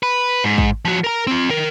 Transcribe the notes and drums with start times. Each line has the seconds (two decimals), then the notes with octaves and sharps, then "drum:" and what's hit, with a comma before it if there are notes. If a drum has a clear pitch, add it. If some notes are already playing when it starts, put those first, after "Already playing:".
0.03 B4
0.44 G#2
0.58 drum: kick
0.85 F3 F#4
1.04 A#4 A#5
1.27 C4 F4
1.49 D#3 A#4